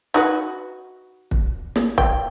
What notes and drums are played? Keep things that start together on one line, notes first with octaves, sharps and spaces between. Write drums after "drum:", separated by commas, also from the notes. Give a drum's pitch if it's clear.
D#4 F#4 B4
drum: kick
drum: snare
G5, drum: kick